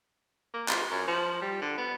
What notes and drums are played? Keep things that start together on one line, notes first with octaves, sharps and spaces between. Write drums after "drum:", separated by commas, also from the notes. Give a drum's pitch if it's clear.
A#3
F4, drum: clap
F#2
F3
G3
D3
B3